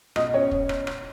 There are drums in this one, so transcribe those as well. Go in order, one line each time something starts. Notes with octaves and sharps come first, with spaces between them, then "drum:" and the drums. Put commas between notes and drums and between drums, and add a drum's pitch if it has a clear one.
B2 D#5, drum: rim click
C#4 C#5
drum: kick
drum: rim click
drum: rim click